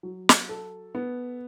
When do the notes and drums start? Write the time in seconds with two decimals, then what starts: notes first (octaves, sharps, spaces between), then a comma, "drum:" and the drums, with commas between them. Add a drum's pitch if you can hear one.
0.03 F#3
0.29 drum: snare
0.49 A4
0.95 B3